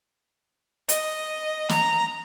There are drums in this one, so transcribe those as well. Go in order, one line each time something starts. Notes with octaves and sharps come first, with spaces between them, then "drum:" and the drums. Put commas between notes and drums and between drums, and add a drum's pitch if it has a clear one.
D#5, drum: hi-hat
A#5, drum: snare